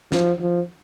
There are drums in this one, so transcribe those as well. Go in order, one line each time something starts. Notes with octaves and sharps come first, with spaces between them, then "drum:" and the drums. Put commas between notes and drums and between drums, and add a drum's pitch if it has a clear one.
F3, drum: snare
F3